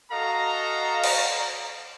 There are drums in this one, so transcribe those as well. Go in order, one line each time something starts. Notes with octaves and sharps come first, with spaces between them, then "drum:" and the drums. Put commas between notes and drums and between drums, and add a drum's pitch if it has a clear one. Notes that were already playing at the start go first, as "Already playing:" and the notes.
F#4 A4 D#5 F5 A#5
drum: cymbal